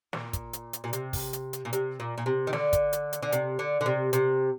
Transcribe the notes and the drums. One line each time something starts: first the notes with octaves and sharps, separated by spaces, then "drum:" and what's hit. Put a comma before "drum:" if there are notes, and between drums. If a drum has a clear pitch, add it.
A#2, drum: snare
drum: kick, hi-hat
drum: hi-hat
drum: hi-hat
A#2
C3, drum: hi-hat
drum: kick, open hi-hat
drum: hi-hat
drum: hi-hat
A#2
C3, drum: hi-hat
A#2
A#2
C3
D#3
D3, drum: snare
drum: kick, hi-hat
drum: hi-hat
drum: hi-hat
D3
C3, drum: hi-hat
D3
D3
C3
C3, drum: hi-hat